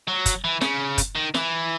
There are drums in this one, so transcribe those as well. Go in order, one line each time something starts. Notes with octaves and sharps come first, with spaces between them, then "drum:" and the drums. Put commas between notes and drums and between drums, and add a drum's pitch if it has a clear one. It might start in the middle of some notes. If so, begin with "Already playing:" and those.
F#3
drum: kick, hi-hat
E3
C#3, drum: snare
drum: kick, hi-hat
D#3
E3, drum: snare